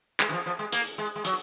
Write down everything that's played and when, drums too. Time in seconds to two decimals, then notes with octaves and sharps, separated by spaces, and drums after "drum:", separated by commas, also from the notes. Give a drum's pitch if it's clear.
0.20 G#3, drum: clap
0.29 D#3
0.32 F3
0.46 F3
0.59 G#3
0.72 A#3, drum: hi-hat
0.98 G#3
1.16 G#3
1.25 F#3, drum: hi-hat